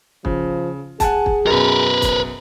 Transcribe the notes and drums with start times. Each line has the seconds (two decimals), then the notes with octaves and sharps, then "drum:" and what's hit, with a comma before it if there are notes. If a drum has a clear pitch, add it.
0.25 C#3 F3, drum: kick
1.00 G#4 F#5 G#5 A5, drum: kick, hi-hat
1.26 drum: kick
1.47 F#2 B2 A#4 B4
2.02 drum: kick, hi-hat